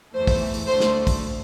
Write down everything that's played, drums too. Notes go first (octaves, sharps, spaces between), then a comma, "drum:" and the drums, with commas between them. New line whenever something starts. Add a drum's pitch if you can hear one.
E2 E3 A3 C5
drum: kick, open hi-hat
drum: open hi-hat
D2 D3 A3 C5
drum: snare
drum: kick, open hi-hat